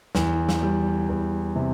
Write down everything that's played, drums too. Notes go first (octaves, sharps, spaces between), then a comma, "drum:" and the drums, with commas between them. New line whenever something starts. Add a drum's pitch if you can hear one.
E2, drum: snare
drum: snare
G3
E2
C3